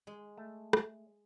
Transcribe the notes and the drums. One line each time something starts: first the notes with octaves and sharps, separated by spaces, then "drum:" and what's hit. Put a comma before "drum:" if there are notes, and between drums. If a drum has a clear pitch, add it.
G#3
A3
drum: rim click